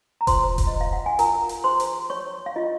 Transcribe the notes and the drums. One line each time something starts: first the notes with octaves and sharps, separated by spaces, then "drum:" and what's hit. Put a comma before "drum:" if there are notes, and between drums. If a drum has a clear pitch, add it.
A#5
F4 C5 C6, drum: kick E1, hi-hat
drum: kick E1, hi-hat
D#5
C5
F5
F#5
G#5
F4 A#4 A#5, drum: hi-hat
drum: hi-hat
G#4 C5 C6
drum: hi-hat
C5 C#5 C#6
F5
F4 D#5